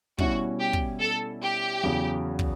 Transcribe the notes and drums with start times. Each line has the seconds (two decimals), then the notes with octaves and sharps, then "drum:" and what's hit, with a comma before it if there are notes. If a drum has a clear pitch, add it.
0.18 B2 G3 C#4 E4 F#4, drum: kick
0.59 G4
0.73 drum: kick
1.00 A4
1.43 G4
1.83 E2 C#3 F#3
2.39 drum: kick